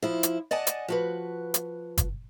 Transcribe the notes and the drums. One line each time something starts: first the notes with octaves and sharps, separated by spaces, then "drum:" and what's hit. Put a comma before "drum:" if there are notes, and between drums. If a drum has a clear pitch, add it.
F3 E4
drum: hi-hat
D5 D#5 F#5 G#5 A5
drum: hi-hat
F3 F#4 B4
drum: hi-hat
drum: kick, hi-hat